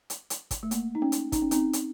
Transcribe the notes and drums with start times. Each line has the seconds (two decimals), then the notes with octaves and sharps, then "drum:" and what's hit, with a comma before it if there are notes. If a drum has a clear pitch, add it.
0.10 drum: hi-hat
0.30 drum: hi-hat
0.51 drum: kick, hi-hat
0.63 A3
0.71 A#3, drum: hi-hat
0.95 D#4
1.02 C#4
1.12 drum: hi-hat
1.32 D#4, drum: kick, hi-hat
1.42 C#4
1.51 C4 D#4, drum: hi-hat
1.73 drum: hi-hat